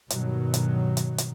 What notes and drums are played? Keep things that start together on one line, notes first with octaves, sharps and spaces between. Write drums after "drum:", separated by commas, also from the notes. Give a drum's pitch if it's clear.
G2 B2 D#3 F#3, drum: hi-hat
drum: hi-hat
drum: hi-hat
drum: hi-hat